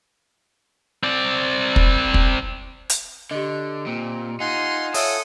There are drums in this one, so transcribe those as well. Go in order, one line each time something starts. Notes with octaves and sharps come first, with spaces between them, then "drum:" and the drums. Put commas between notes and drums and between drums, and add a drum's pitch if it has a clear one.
C4 D5
drum: kick
drum: kick
drum: hi-hat
D3 G4 D#5
A#2 C4
D#4 F4 F#5 G#5 C6
A4 C#5 E5 D#6 E6, drum: open hi-hat